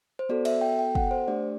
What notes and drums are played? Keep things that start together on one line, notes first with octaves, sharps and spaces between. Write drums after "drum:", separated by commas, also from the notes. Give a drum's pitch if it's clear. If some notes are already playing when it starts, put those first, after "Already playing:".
C5
B3 F#4 A4 D5
E5, drum: cymbal
G5
G5
F#5, drum: kick
C5
A3 D4 G4 D5